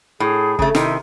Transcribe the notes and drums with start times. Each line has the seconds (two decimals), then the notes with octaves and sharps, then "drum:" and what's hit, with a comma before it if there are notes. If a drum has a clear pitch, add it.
0.20 A2 G#4
0.59 C#3 A3, drum: kick
0.75 C3 D#3 E4, drum: snare